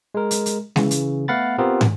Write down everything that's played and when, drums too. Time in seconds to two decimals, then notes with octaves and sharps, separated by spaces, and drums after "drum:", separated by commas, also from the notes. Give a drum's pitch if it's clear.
0.15 G#3 A#4
0.31 drum: hi-hat
0.46 drum: hi-hat
0.76 C#3 E3, drum: snare
0.91 drum: hi-hat
1.28 A3 B3 F5 F#5 B5 A6
1.59 B3 C4 F4 G4 A#4 B4
1.81 drum: tom